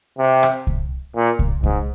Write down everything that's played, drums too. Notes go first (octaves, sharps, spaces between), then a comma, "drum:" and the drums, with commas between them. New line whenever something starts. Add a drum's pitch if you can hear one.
C3
drum: rim click
drum: kick C2
A#2
drum: kick C2
G#2, drum: kick C2